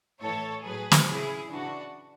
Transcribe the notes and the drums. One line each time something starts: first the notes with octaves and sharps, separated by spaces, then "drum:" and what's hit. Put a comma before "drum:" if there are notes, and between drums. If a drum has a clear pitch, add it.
A2 E3 A4 C#5
A2 F#3 G#4 B4
drum: snare
C#3 F#3 E4 G#4
C#3 E3 D4 F#4